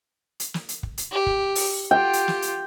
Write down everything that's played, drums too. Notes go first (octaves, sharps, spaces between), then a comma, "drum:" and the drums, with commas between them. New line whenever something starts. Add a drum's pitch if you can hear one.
drum: hi-hat
drum: snare
drum: hi-hat
drum: kick
drum: hi-hat
G4
drum: kick
drum: open hi-hat
F4 G4 G5
drum: hi-hat
drum: snare
drum: hi-hat